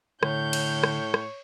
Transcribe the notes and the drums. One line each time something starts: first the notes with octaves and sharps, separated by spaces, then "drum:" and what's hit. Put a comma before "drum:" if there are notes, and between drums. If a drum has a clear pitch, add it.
A2 D3 C#5 G6, drum: rim click
drum: cymbal
drum: rim click
drum: rim click